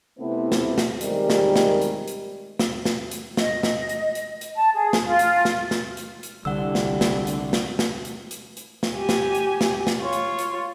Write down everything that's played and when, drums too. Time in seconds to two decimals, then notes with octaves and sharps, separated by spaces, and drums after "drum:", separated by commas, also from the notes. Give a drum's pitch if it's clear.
0.19 C3 A3 B3 C4 E4 B4
0.52 drum: snare
0.78 drum: snare
1.01 D#3 G3 G#3 C4 G4 A#4, drum: hi-hat
1.30 drum: snare
1.56 drum: snare
1.82 drum: hi-hat
2.08 drum: hi-hat
2.59 drum: snare
2.85 drum: snare
3.11 drum: hi-hat
3.37 D#5, drum: snare
3.63 drum: snare
3.89 drum: hi-hat
4.15 drum: hi-hat
4.41 drum: hi-hat
4.56 A5
4.74 G#4
4.93 drum: snare
5.06 F4
5.19 drum: hi-hat
5.45 drum: snare
5.71 drum: snare
5.97 drum: hi-hat
6.23 drum: hi-hat
6.45 C2 D3 G3 F#5 E6
6.75 drum: snare
7.01 drum: snare
7.27 drum: hi-hat
7.53 drum: snare
7.79 drum: snare
8.05 drum: hi-hat
8.31 drum: hi-hat
8.57 drum: hi-hat
8.83 drum: snare
8.95 G4 G#5
9.09 drum: snare
9.35 drum: hi-hat
9.61 drum: snare
9.87 drum: snare
10.02 F4 C#5
10.13 drum: hi-hat
10.39 drum: hi-hat